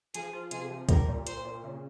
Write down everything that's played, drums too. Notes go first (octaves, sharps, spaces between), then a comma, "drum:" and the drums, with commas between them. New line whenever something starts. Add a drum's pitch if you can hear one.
F3 G#4, drum: hi-hat
F4
C3 G#4, drum: hi-hat
F3
G3 A#4, drum: kick, hi-hat
A#2
A#2 C5, drum: hi-hat
A#2
C#3